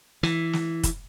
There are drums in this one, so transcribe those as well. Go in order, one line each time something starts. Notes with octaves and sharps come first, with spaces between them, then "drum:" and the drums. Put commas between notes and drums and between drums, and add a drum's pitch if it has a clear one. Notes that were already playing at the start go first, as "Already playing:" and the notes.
E3, drum: snare
drum: snare
drum: kick, hi-hat